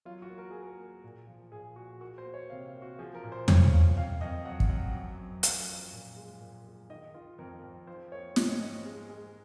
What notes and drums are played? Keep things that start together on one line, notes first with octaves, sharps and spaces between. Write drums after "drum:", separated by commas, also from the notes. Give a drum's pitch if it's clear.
F#3 F4
F#4
A#3
A#4
A#3 G#4
A#4
A#3
A#2
F3
A#2 G#4
A#2 F#4
A#3 F#4
C5
A#3
C#5
C3 F5
F5
A#3
F#4
F3 G#4
A#4
A#2
C5
A#2 C#5, drum: tom E2
A#2 F5
F2 F5
F2 D#5
F#3 F#5
drum: kick
F#3 F#5
F#2
F#2
F#2 F5, drum: hi-hat
F3
A#2
G#3
A#2
G#3
D#3 D#5
D#3 F4
F2 A#4
F2
F3 C5
A#3 C#5
G#2 D#5, drum: snare
C#5
G#2 D#5
G#3
G#3